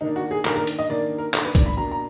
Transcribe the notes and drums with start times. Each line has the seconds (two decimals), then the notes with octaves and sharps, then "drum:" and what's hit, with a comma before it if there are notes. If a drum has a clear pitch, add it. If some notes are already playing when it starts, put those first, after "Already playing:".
0.01 D#3 A#3 D4 D#4
0.16 F#4
0.31 G#4
0.45 D#3 A#3 D4 A#4, drum: clap
0.56 A#4
0.67 drum: hi-hat
0.79 D#5
0.89 D#3 A#3 D4 D5
1.18 A#4
1.34 D#3 A#3 D4 A#4, drum: clap
1.45 B4
1.55 D5, drum: kick, hi-hat
1.66 B5
1.77 B2 A#3 D4 A#5
1.91 A#5